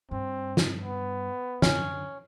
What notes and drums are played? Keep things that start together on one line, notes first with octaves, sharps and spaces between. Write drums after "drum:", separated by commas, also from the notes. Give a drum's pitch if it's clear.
G2 C4
drum: snare
B3
F#2 D3 C#4, drum: snare